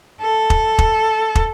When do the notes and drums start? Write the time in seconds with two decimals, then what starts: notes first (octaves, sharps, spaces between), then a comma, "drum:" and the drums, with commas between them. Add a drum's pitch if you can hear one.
0.22 A4
0.50 drum: kick
0.78 drum: kick
1.35 drum: kick